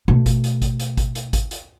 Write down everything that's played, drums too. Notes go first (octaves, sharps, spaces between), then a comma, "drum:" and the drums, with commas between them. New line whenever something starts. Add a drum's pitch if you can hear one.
B2 A3
drum: kick G#1, hi-hat
drum: hi-hat
drum: kick G#1, hi-hat
drum: hi-hat
drum: kick G#1, hi-hat
drum: hi-hat
drum: kick G#1, hi-hat
drum: hi-hat